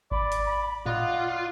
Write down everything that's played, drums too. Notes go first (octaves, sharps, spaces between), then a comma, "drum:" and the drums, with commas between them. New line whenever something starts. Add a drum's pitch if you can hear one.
D5 B5, drum: kick G#1
drum: hi-hat
B5
F4 D5 D#5 F5 F#5, drum: tom A2